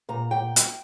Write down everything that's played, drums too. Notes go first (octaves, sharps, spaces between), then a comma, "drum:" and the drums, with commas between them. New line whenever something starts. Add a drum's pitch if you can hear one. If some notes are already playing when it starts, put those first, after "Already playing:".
A#2 A#5
A#2 G5
drum: hi-hat